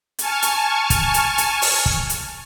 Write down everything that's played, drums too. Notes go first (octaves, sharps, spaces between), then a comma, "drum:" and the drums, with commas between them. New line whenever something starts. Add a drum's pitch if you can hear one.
G#5 A5 C#6 F6, drum: hi-hat
drum: hi-hat
drum: kick, hi-hat
drum: hi-hat
drum: hi-hat
drum: open hi-hat
drum: kick
drum: hi-hat